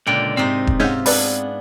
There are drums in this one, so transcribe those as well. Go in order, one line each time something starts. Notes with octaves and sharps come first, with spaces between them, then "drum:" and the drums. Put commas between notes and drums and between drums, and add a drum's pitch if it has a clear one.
C#2 A#2 D3 D4 G5
G#2 C3 C4 D#4
drum: kick E1
G#3 C#4 D#4 F4 E5 F#5 G6 G#6
B3 D4 G#4 B4 D5 B5, drum: open hi-hat